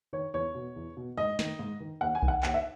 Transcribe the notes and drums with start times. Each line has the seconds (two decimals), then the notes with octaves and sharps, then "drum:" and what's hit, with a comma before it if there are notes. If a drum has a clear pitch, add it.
0.13 D#3 C#5
0.34 E2 C#5
0.55 B2
0.76 E2
0.97 B2
1.17 G#2 D#5
1.39 D#3, drum: snare
1.59 G#2
1.80 D#3
2.01 D#2 F#5
2.15 G#5
2.22 D#3, drum: kick B1
2.28 F#5
2.43 D#2 F#5, drum: clap
2.54 E5